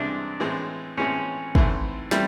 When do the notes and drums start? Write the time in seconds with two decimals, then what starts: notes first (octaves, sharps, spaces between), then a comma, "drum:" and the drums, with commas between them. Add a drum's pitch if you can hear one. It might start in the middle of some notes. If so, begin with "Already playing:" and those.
Already playing: C2 C3 E3 G#3 C4 D4
0.40 A2 E3 G#3 C4
0.97 A2 E3 G#3 C4 C#4
1.55 G#2 E3 A3 C4 E4, drum: kick
2.11 E3 G3 A3 C4 E4, drum: snare